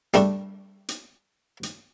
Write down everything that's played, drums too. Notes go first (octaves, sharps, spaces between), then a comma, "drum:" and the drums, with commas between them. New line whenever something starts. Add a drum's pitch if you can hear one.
G3 A3 D4, drum: hi-hat
drum: hi-hat
drum: hi-hat